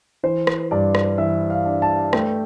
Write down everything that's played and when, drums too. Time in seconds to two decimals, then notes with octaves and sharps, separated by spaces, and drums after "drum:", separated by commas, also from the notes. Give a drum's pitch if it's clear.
0.23 E3 C5
0.47 drum: rim click
0.71 G2 D5
0.95 drum: rim click
1.18 E3 E5
1.50 F5
1.66 D4
1.82 A5
2.13 A3 G5, drum: rim click